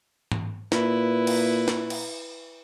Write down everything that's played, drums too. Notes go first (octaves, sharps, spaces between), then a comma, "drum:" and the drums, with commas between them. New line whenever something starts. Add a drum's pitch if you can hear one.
drum: tom
A#2 E4 B4, drum: snare
drum: cymbal
drum: snare
drum: cymbal